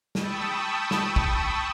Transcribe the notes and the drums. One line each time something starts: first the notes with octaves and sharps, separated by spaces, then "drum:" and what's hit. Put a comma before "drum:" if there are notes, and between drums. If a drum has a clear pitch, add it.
G5 A5 B5 C#6 D#6 E6, drum: snare
drum: snare
drum: kick